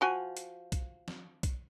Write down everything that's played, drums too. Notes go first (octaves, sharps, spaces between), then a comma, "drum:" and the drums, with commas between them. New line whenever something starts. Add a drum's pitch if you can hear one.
F3 F#4 G#5
drum: hi-hat
drum: kick B1, hi-hat
drum: snare
drum: kick B1, hi-hat